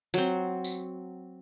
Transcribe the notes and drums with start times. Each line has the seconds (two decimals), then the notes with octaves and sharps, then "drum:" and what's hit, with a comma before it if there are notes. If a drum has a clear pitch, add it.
0.14 F#3 C4, drum: hi-hat
0.64 drum: tambourine